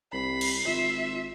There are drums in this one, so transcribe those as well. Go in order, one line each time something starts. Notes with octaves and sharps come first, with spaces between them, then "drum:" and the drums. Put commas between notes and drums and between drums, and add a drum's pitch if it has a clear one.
C2 B5 C7
drum: cymbal
G#1 F4 E5